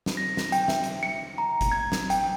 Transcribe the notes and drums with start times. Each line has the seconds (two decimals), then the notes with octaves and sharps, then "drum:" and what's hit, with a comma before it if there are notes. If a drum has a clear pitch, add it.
0.06 drum: snare
0.17 A#6
0.37 drum: snare
0.52 G5, drum: hi-hat
0.68 E5, drum: snare
0.84 drum: hi-hat
1.03 C#7
1.38 A#5
1.61 drum: kick G1, hi-hat
1.72 G#6
1.92 drum: snare
2.10 G5, drum: hi-hat